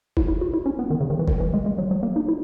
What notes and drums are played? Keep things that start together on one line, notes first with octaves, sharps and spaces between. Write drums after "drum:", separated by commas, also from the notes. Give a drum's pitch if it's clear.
E4, drum: kick F#1
E4
F#4
E4
C#4
B3
D#3
C#3
D#3
E3
D#3, drum: kick F#1
E3
G#3
G#3
F#3
F#3
A#3
D#4
E4